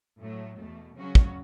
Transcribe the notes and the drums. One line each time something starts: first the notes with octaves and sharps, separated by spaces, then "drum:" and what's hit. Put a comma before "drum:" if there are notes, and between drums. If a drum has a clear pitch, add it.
A2 F#3 A3
E2 B2 A3
C#3 F#3 C#4 F#4
drum: kick